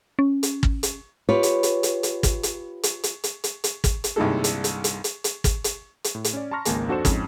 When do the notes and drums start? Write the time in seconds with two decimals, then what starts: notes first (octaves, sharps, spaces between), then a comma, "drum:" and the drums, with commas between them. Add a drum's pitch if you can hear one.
0.19 C#4
0.43 drum: hi-hat
0.63 drum: kick
0.83 drum: hi-hat
1.29 F4 G4 B4 C#5
1.43 drum: hi-hat
1.63 drum: hi-hat
1.83 drum: hi-hat
2.03 drum: hi-hat
2.23 drum: kick, hi-hat
2.43 drum: hi-hat
2.83 drum: hi-hat
3.03 drum: hi-hat
3.24 drum: hi-hat
3.44 drum: hi-hat
3.64 drum: hi-hat
3.84 drum: kick, hi-hat
4.04 drum: hi-hat
4.16 C2 G2 A#2 D#3 G#3 A4
4.44 drum: hi-hat
4.64 drum: hi-hat
4.84 drum: hi-hat
5.04 drum: hi-hat
5.24 drum: hi-hat
5.44 drum: kick, hi-hat
5.64 drum: hi-hat
6.04 drum: hi-hat
6.15 A2
6.24 drum: hi-hat
6.33 C#4 D5
6.51 A5 A#5 C6 C#6 F6 A#6
6.65 G#1 C#2 A#3 G#5 A5, drum: hi-hat
6.88 F2 D4 F#4 A4 C5 E7
7.05 F2 G#2 C#4, drum: kick, hi-hat